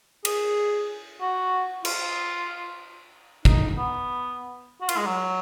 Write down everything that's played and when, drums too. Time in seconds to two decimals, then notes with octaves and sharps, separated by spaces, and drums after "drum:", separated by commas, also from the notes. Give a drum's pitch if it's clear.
0.25 G#4, drum: cymbal
1.21 F#4
1.85 F4, drum: cymbal
3.45 D#4, drum: kick
3.77 B3
4.81 F#4
4.89 F4, drum: cymbal
4.97 G#3
5.05 F#3